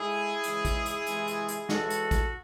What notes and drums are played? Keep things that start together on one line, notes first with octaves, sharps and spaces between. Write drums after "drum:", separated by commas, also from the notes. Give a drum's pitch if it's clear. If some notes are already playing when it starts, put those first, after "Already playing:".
Already playing: A2 G#3 E4 G#4
C#3 E3 G#3, drum: hi-hat
drum: kick, hi-hat
drum: hi-hat
C3 E3 G#3, drum: hi-hat
drum: hi-hat
drum: hi-hat
A2 E3 G#3 F#4 A4, drum: snare
drum: hi-hat
drum: kick, hi-hat